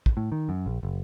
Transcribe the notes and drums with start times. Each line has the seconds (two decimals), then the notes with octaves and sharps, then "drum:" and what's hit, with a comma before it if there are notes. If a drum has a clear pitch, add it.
0.06 drum: kick
0.17 A2
0.32 D#3
0.49 F#2
0.66 A#1
0.83 F#1